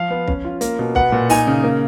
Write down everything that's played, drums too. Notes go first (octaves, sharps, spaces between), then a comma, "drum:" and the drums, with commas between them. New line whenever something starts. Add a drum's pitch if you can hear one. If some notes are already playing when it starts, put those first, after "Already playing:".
Already playing: F3 F5
B3
C#4, drum: kick
F4
A#3, drum: hi-hat
B2
B3 F#5, drum: kick
A#2
D#4 G#5, drum: open hi-hat
C#3
A#3